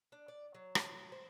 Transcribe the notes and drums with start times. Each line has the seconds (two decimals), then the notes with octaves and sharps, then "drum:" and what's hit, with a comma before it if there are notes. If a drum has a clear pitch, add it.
0.12 D4
0.28 D5
0.55 F#3
0.75 drum: rim click
1.12 C5